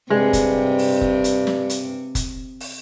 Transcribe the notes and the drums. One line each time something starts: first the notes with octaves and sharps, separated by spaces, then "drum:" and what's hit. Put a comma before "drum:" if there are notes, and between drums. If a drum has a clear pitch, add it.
G2 C3 G#3
drum: kick F1, hi-hat
drum: open hi-hat
drum: kick F1
drum: hi-hat
drum: snare
drum: hi-hat
drum: kick F1, hi-hat
drum: open hi-hat